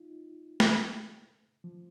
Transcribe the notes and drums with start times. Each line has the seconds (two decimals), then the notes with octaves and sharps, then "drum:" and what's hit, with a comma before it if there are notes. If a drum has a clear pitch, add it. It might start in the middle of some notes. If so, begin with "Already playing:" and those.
Already playing: D#4 F4
0.60 drum: snare
1.64 F3